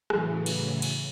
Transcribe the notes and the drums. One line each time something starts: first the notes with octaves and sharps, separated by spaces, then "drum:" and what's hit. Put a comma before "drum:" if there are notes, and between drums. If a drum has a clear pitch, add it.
A2 C#3 E3 F#3, drum: rim click
drum: cymbal
drum: cymbal